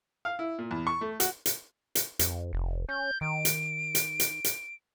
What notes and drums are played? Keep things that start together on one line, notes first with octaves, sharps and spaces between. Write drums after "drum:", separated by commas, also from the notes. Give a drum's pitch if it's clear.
F5
E4
A#2
E2
C#6
A3
F#4, drum: hi-hat
drum: hi-hat
drum: hi-hat
F2, drum: hi-hat
F1
C#4 G6
D#3 D7
drum: hi-hat
drum: hi-hat
drum: hi-hat
drum: hi-hat